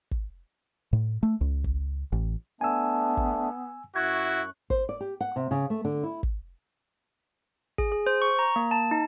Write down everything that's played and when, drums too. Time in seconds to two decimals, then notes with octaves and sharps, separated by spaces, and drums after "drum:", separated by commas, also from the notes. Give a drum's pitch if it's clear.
0.11 drum: kick
0.93 A2
1.23 A3
1.41 C#2
1.64 drum: kick
2.12 A1
2.61 A3 B3 D4 G#5 E6
3.17 drum: kick
3.96 F#2 E4 F#4 C#6 F#6 G#6
4.70 C5, drum: kick
4.89 D5
5.00 G4
5.20 F#5
5.36 C3
5.51 C#3
5.70 A3
5.85 D3
6.03 E4
6.23 drum: kick
7.78 G#4, drum: kick
7.92 G#4
8.07 C5
8.22 C#6
8.39 A#5
8.56 A#3
8.71 A5
8.91 D#4